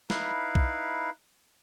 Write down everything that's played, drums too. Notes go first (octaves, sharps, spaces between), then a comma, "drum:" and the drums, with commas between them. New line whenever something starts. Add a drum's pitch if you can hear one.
D#4 E4 B4 F5, drum: snare
drum: kick B1